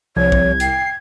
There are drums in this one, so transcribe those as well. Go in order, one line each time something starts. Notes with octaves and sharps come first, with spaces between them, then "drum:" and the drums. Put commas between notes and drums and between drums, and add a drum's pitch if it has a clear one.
C2 F3 C#5 G#6
drum: kick A#1
G5 C7, drum: hi-hat